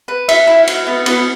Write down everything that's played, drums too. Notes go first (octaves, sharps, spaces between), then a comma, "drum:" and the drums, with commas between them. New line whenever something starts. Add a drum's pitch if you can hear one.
B4
E5, drum: cymbal
E4
E4, drum: cymbal
B3
B3, drum: cymbal